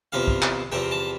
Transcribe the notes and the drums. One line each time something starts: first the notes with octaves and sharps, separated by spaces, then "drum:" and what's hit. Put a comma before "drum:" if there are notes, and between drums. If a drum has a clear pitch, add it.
E2 C3 F3 C4 F5
drum: kick
drum: clap
E2 C3 F3 C4 G5
A5